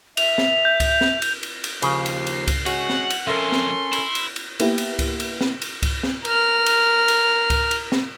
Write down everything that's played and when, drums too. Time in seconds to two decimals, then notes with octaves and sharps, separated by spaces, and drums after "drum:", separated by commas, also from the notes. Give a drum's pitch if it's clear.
0.17 E5 F7, drum: cymbal
0.38 drum: snare
0.65 G6
0.80 drum: kick C#2, cymbal
1.01 drum: snare
1.22 drum: cymbal
1.43 drum: cymbal
1.64 drum: cymbal
1.82 D#2 C#3 F3 C7, drum: cymbal
2.06 drum: cymbal
2.27 drum: cymbal
2.48 drum: kick C#2, cymbal
2.66 G#3 C#4 F#4 F#5, drum: cymbal
2.89 drum: snare
3.10 drum: cymbal
3.27 F2 G#3 C#4 A4 A#4 E5 C6
3.52 drum: snare
3.93 E4, drum: cymbal
4.15 drum: cymbal
4.36 drum: cymbal
4.60 A#3 B3 E4 G4, drum: cymbal
4.78 drum: cymbal
4.99 drum: kick C#2, cymbal
5.20 drum: cymbal
5.41 drum: snare
5.62 drum: cymbal
5.83 drum: kick C#2, cymbal
6.03 drum: snare
6.25 A#4 F6, drum: cymbal
6.66 drum: cymbal
7.08 drum: cymbal
7.50 drum: kick C#2, cymbal
7.71 drum: cymbal
7.92 drum: snare